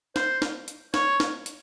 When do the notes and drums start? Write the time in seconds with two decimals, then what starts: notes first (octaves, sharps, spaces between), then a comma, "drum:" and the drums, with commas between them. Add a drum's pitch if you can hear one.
0.16 C5, drum: snare
0.42 drum: snare
0.68 drum: hi-hat
0.94 C#5, drum: snare
1.20 drum: snare
1.46 drum: hi-hat